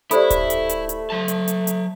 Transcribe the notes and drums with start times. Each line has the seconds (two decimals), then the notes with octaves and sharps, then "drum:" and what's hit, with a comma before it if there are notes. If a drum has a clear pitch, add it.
0.11 A3 E4 G4 A4 C5 D5 B5, drum: hi-hat
0.30 drum: kick D1, hi-hat
0.50 drum: hi-hat
0.69 drum: hi-hat
0.89 drum: hi-hat
1.10 F#3 A5
1.28 drum: hi-hat
1.48 drum: hi-hat
1.67 drum: hi-hat